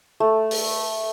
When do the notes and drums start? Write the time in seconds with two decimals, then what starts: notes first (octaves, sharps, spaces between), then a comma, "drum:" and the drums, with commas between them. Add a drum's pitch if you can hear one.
0.20 A3
0.51 drum: open hi-hat